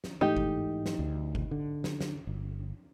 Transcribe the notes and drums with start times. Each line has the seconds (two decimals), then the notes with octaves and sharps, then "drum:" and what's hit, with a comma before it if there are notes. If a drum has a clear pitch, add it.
0.04 drum: snare
0.21 G#2 E3 A3 D#4 G4
0.37 drum: kick G1
0.86 drum: snare
0.99 D2
1.35 drum: kick G1
1.51 D3
1.84 drum: snare
2.01 drum: snare
2.27 G1